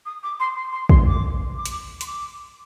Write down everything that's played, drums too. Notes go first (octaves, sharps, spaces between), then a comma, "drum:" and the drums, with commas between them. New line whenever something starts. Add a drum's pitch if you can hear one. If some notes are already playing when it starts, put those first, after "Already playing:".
D#6
D6
C6
C6
C6
C6, drum: kick
D6
D6
drum: hi-hat
C6, drum: hi-hat
D6